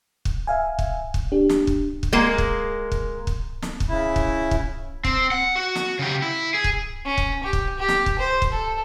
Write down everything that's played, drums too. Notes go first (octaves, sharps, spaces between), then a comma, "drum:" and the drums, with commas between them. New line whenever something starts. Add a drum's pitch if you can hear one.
drum: kick
E5 F5 G#5
drum: kick
drum: kick
D4 G4
drum: snare
drum: kick
drum: kick
G#3 A#3
drum: kick
drum: kick
drum: kick
drum: snare
drum: kick
C#3 E4
drum: kick
drum: kick
C4, drum: kick
F#5
F#4
drum: snare
C#3 G4
E4
G#4
drum: kick
C#4
drum: kick
G4
drum: kick
G4
drum: snare
drum: kick
C5
drum: kick
A4